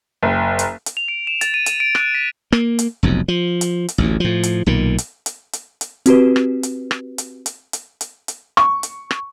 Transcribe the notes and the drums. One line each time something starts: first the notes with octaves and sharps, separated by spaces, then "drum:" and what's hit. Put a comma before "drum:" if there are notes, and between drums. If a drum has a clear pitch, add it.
F#1
drum: hi-hat
drum: hi-hat
F7
D7
E7
A6, drum: hi-hat
D#7
E7, drum: hi-hat
D7
F#6, drum: rim click
B6
A#3, drum: rim click
drum: hi-hat
F1 B1 F2
F3
drum: hi-hat
drum: hi-hat
A1 D2
A2 F3
drum: hi-hat
B1 A#2 D#3
drum: hi-hat
drum: hi-hat
drum: hi-hat
drum: hi-hat
C4 F#4 G4 B4, drum: hi-hat
drum: rim click
drum: hi-hat
drum: rim click
drum: hi-hat
drum: hi-hat
drum: hi-hat
drum: hi-hat
drum: hi-hat
C#6, drum: rim click
drum: hi-hat
drum: rim click